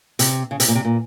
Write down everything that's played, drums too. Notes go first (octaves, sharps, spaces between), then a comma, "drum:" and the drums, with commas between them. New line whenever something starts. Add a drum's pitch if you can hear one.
C3, drum: hi-hat
C#3
C3, drum: hi-hat
A#2
C3
A#2